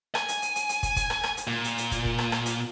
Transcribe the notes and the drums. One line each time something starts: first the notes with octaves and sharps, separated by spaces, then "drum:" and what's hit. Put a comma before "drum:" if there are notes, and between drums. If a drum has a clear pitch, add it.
G#5, drum: rim click
drum: hi-hat
drum: hi-hat
drum: hi-hat
drum: hi-hat
drum: kick, hi-hat
drum: kick, hi-hat
drum: rim click
drum: rim click
drum: hi-hat
A#2
drum: hi-hat
drum: hi-hat
drum: kick, hi-hat
drum: kick
drum: rim click
drum: rim click
drum: hi-hat